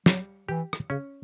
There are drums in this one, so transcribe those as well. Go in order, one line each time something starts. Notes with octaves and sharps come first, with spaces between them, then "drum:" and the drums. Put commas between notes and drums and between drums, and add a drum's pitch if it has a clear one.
F#3 G3, drum: snare
E3 G4
drum: rim click
C#3 C#4